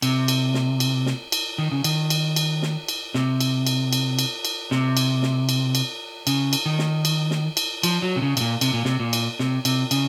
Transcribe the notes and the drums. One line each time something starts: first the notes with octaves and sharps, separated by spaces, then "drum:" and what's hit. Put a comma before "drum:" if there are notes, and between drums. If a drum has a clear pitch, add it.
C3, drum: cymbal
drum: cymbal
drum: snare
drum: cymbal
drum: snare
drum: cymbal
D#3
C#3
D#3, drum: cymbal
drum: cymbal
drum: cymbal
drum: snare
drum: cymbal
C3, drum: snare
drum: cymbal
drum: cymbal
drum: cymbal
drum: cymbal
drum: cymbal
C3, drum: snare
drum: cymbal
drum: snare
drum: cymbal
drum: cymbal
C#3, drum: cymbal
drum: cymbal
D#3
drum: snare
drum: cymbal
drum: snare
drum: cymbal
F3, drum: cymbal
F#3
C3
C#3
C3, drum: cymbal
A#2
C3, drum: cymbal
A#2
C3, drum: snare
A#2
drum: cymbal
C3, drum: snare
C3, drum: cymbal
C#3, drum: cymbal